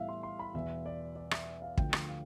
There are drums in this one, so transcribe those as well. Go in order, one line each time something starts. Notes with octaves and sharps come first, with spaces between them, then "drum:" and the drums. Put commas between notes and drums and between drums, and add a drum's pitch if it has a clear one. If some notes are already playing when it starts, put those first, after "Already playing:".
Already playing: A2 E3 G3 B3 E5 F5
C6
C6
B5
E2 B2 B3 E5
D5
D5
E5, drum: rim click
F5
D2 D3 F3 A3 G5, drum: kick
drum: rim click
F5